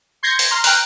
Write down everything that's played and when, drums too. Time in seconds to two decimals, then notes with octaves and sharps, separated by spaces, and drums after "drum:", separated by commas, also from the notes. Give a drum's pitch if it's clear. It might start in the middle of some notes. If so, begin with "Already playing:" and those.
0.23 C6 G6 G#6 A#6 C7 C#7
0.39 drum: open hi-hat
0.51 A#5 C6 F6
0.64 G5 A#5 F6 F#6, drum: open hi-hat